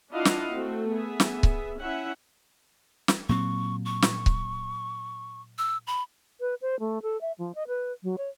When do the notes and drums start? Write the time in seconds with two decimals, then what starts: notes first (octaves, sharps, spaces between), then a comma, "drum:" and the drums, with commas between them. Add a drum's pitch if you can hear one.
0.12 D4 E4 F4 D#5 F5 F#5
0.25 drum: snare
0.53 A3 C4 F#4
0.90 B3 G#4 E5
1.20 drum: snare
1.43 drum: kick C#1
1.81 C#4 E4 E5 F#5
3.08 drum: snare
3.29 A#2 F#3 C4 C#6
3.85 C#6
4.02 drum: snare
4.26 drum: kick C#1
5.58 E6
5.87 B5
6.40 B4
6.61 C5
6.80 A3
7.02 A4
7.21 E5
7.38 F3
7.55 D#5
7.68 B4
8.03 F#3
8.18 C#5